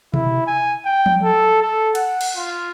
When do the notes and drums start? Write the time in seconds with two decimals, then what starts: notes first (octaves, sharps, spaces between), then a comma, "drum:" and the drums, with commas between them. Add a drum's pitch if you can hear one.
0.14 E4, drum: tom B2
0.47 G#5
0.85 G5
1.06 drum: tom F3
1.23 A4
1.62 A4
1.95 F#5, drum: cymbal
2.21 drum: cymbal
2.36 F4